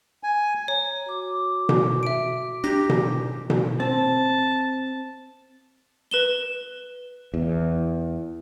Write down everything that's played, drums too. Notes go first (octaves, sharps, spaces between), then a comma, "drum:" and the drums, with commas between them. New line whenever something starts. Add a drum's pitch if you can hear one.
G#5
C#5 A#5
F#4 D6
drum: tom B2
E5 D7
D4 G4 A#5 A#6
drum: tom B2
drum: tom B2
C4 A5
B4 E7 G7
E2